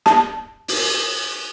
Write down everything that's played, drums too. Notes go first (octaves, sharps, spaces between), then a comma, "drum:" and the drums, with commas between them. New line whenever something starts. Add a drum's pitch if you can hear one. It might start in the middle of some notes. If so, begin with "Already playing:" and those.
A5, drum: snare
drum: open hi-hat